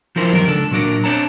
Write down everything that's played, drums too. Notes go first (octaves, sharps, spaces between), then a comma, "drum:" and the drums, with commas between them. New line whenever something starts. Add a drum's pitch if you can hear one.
F3 D#4 E4 A#4 C5
G2 D#3 A#4, drum: tom F3
C#2 D4 A4
A#2 F#3 D4 A#4
C4 D4 C#5 A5 A#5